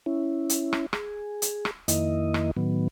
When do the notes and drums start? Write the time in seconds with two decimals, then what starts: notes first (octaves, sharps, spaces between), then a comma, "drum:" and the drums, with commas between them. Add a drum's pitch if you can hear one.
0.06 C#4 E4
0.49 drum: hi-hat
0.73 drum: rim click
0.93 G#4, drum: rim click
1.42 drum: hi-hat
1.65 drum: rim click
1.88 F2 D#3 A#3 E4 D#5, drum: hi-hat
2.34 drum: rim click
2.57 A2 D#3 F#3 B3